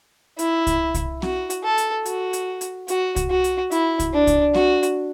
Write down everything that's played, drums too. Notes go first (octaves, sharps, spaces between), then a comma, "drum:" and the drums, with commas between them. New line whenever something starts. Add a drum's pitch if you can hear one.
E4, drum: hi-hat
drum: kick C2, hi-hat
drum: kick C2, hi-hat
F#4, drum: snare C4
drum: hi-hat
A4
drum: hi-hat
F#4, drum: hi-hat
drum: hi-hat
drum: hi-hat
F#4, drum: hi-hat
drum: kick C2, hi-hat
F#4
drum: hi-hat
E4, drum: hi-hat
drum: kick C2, hi-hat
D4
drum: kick C2, hi-hat
F#4, drum: snare C4
drum: hi-hat